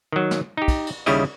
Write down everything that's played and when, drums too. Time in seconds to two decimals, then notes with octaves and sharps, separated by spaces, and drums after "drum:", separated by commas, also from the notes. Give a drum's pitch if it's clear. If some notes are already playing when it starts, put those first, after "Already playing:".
0.12 D#3 F#3
0.31 drum: snare
0.57 D#4 G4
0.68 drum: kick, cymbal
0.87 drum: cymbal
1.06 D#2 C#3 G3 E4 D#5, drum: cymbal